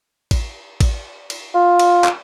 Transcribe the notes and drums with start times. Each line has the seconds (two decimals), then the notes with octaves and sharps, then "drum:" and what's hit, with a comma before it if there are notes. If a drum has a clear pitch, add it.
0.31 drum: kick A1, cymbal
0.80 drum: kick A1, cymbal
1.30 drum: cymbal
1.55 F4
1.79 drum: cymbal
2.04 drum: clap